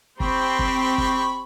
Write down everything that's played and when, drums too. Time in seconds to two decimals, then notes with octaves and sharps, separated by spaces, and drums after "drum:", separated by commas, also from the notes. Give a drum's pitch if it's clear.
0.20 C4 G4 B5 C#6, drum: kick
0.59 drum: kick
0.98 drum: kick